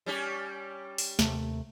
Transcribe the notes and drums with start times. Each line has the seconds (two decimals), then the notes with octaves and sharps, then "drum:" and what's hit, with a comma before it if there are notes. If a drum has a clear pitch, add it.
0.06 G3 C#4 G4
0.98 drum: open hi-hat
1.19 D#2 C3 A3, drum: snare